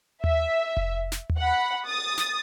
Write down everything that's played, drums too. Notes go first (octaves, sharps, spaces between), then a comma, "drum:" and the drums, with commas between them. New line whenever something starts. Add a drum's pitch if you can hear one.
E5, drum: tom D#2
drum: kick F1
drum: snare
drum: tom D#2
F#5 B5
D#6 A6
drum: snare